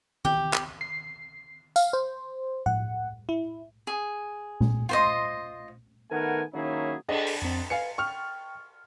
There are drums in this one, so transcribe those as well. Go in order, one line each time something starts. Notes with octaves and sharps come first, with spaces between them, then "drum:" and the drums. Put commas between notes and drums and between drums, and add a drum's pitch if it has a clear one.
G4, drum: tom D#3
drum: clap
C7
F5, drum: tambourine
C5
F#5, drum: tom A2
E4
G#4
drum: tom A#2
F4 C5 D#5
D#3 A3 B3 A#4 F#5 G#5
D#3 F#3 A#3 C#4 E4 G#4
D4 G#4 A4 D#5, drum: cymbal
drum: open hi-hat
F2 C4
B4 F5 G#5 C#7
G5 C#6 F6